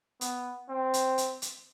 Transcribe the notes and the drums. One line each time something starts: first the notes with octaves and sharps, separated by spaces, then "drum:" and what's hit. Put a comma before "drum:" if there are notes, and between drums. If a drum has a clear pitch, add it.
B3, drum: hi-hat
C4
drum: hi-hat
drum: hi-hat
drum: hi-hat